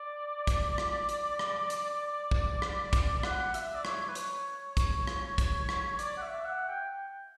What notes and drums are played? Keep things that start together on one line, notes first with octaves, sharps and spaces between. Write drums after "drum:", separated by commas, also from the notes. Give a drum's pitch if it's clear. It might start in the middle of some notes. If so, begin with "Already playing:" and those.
Already playing: D5
drum: kick, hi-hat
drum: rim click
drum: hi-hat
drum: rim click
drum: hi-hat
drum: kick
drum: rim click
drum: kick, hi-hat
F#5, drum: rim click
E5, drum: hi-hat
D5
C#5, drum: rim click
B4
C#5, drum: hi-hat
drum: kick, hi-hat
drum: rim click
drum: kick, hi-hat
drum: rim click
D5, drum: hi-hat
F#5
E5
F#5
G5